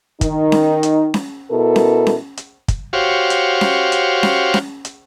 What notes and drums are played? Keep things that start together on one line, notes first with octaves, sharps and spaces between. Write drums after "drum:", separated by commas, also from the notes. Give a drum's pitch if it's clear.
D#3 D#4, drum: kick, hi-hat
drum: snare C#4
drum: hi-hat
drum: snare C#4
B2 E4 A4 A#4
drum: snare C#4
drum: snare C#4
drum: hi-hat
drum: kick, hi-hat
F#4 G4 C5 C#5 F5
drum: hi-hat
drum: snare C#4
drum: hi-hat
drum: snare C#4
drum: snare C#4
drum: hi-hat